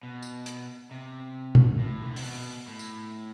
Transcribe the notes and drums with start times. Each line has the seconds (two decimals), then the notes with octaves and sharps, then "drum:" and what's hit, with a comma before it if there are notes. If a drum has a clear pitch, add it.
0.03 B2
0.23 drum: tambourine
0.46 drum: hi-hat
0.91 C3
1.55 drum: tom
1.79 A2
2.02 E3
2.09 D3
2.16 C3, drum: open hi-hat
2.23 B2
2.68 A2
2.79 drum: tambourine